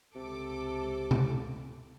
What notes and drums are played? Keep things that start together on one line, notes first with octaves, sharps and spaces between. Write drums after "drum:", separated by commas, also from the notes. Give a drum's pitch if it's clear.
C#2 C3 A4 D6
drum: tom C3